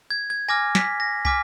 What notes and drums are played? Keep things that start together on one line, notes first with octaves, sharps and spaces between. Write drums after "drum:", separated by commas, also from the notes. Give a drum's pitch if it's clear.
G#6
G#6
G#5 D6 F6 A#6
B6, drum: snare
A#6
G#5 D6 F6 B6, drum: kick